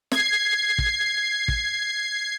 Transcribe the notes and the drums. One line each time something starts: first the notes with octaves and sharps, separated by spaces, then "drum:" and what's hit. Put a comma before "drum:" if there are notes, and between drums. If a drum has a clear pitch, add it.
G#6 C7, drum: snare
drum: kick
drum: kick